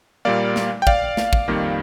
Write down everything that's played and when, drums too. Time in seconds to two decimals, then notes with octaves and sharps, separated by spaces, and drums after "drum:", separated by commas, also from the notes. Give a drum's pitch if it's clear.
0.25 A#2 G3 A#3 D5 F5
0.56 drum: snare
0.82 G5
0.87 D5 F5, drum: kick
1.17 drum: snare
1.33 drum: kick
1.48 F2 D#3 G3 A#3